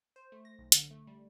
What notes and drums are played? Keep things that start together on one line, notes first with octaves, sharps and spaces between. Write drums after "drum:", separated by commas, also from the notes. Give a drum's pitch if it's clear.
C5
A3
A#6
B1
D3, drum: hi-hat
A3
G3